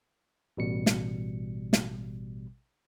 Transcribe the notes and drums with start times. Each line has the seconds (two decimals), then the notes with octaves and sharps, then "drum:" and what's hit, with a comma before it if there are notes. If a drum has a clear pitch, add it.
0.57 A1 B2 G3 C#7
0.86 drum: snare
1.73 drum: snare